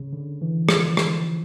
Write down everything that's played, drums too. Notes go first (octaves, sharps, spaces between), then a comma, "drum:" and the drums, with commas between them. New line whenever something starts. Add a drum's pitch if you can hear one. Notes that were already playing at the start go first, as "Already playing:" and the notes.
Already playing: C#3
D3
E3
F3, drum: rim click
drum: rim click